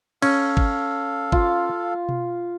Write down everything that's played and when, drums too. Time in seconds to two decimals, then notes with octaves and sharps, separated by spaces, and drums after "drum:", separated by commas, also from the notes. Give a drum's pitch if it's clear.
0.22 C#4 A4 F5, drum: cymbal
0.57 drum: kick G1
1.32 F4, drum: kick G1
2.09 drum: tom B2